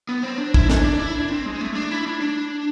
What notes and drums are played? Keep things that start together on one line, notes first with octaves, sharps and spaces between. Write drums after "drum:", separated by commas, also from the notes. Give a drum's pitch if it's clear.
B3
C4
D4
E4, drum: kick
D4, drum: snare
D4
E4
D4
C4
G#3
A3
D4
E4
D4
D4